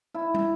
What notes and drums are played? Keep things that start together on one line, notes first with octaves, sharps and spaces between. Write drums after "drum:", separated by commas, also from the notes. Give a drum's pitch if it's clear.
E4
drum: tom